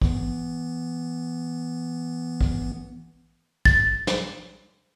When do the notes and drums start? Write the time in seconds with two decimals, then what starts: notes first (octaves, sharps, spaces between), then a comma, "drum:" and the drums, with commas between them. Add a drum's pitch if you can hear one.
0.02 E3 B3, drum: kick
2.41 drum: kick
3.65 A6, drum: kick
4.07 drum: snare